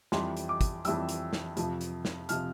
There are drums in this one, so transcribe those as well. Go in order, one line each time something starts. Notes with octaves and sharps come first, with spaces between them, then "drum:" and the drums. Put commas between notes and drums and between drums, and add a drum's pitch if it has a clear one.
F2 E3 G3 C6, drum: snare
drum: hi-hat
D6
drum: kick, hi-hat
F2 E3 G3 E6, drum: hi-hat
drum: hi-hat
drum: snare
F2 C3 F3, drum: hi-hat
drum: hi-hat
drum: snare
C3 F3 F6, drum: hi-hat